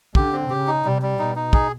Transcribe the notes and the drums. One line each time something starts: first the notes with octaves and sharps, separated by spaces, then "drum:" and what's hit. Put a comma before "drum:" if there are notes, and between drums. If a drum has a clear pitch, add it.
D3 G4, drum: kick
C4
C#3 G4
D#4
C3 G3
G3
B2 D#4
D#4
G#4, drum: kick